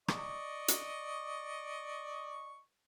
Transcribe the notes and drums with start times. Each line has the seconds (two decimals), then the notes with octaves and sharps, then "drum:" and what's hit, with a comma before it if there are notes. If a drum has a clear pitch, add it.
0.08 D5 D#5 C#6, drum: rim click
0.68 drum: hi-hat